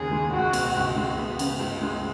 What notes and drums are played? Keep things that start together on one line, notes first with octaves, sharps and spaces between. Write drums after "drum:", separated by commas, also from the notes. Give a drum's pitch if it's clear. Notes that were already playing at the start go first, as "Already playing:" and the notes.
Already playing: D#2 C#3 C#4 G#4
G#3
C#2 F#4
B2, drum: cymbal
C#2
G#3
B3
C#3, drum: cymbal
C#2
G#3